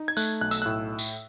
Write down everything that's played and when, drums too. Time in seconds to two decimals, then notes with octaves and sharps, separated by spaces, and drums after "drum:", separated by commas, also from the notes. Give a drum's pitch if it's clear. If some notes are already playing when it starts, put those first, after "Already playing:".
Already playing: D#4
0.08 G#6
0.17 A3 F#6, drum: tambourine
0.41 B1 F#6
0.51 E6, drum: tambourine
0.62 A2 F#6
0.99 drum: tambourine